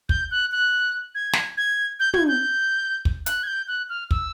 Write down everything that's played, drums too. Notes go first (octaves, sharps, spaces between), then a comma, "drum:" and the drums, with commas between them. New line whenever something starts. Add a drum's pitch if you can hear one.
G6, drum: kick
F#6
F#6
G#6
drum: snare
G#6
G6
G#6, drum: tom
G6
drum: kick
F#6, drum: hi-hat
G#6
G6
F#6
F6
E6, drum: kick